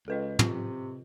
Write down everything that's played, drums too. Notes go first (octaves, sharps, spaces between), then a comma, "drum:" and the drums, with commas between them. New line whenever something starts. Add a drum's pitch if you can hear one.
C#2 A4 B4 D#5
C3 F4, drum: tom